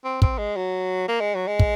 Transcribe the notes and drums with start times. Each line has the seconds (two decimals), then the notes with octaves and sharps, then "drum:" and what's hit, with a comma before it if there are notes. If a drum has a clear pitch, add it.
0.04 C4
0.22 C4, drum: kick
0.38 G#3
0.56 F#3
1.08 A#3
1.20 G#3
1.35 F#3
1.47 G#3
1.59 drum: kick